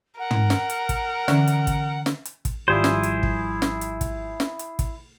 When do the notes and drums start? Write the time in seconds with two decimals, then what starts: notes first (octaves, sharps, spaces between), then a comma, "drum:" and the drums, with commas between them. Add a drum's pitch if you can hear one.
0.19 A#4 F#5
0.31 drum: tom
0.50 drum: snare
0.70 drum: hi-hat
0.89 drum: kick, hi-hat
1.28 D3 E3 C#4, drum: snare
1.47 drum: hi-hat
1.67 drum: kick, hi-hat
2.06 drum: snare
2.25 drum: hi-hat
2.45 drum: kick, hi-hat
2.68 G#1 F3 G3 E4 G#4 C5
2.84 drum: snare
3.03 drum: hi-hat
3.23 drum: kick
3.62 drum: snare
3.81 drum: hi-hat
4.01 drum: kick, hi-hat
4.40 drum: snare
4.59 drum: hi-hat
4.79 drum: kick, hi-hat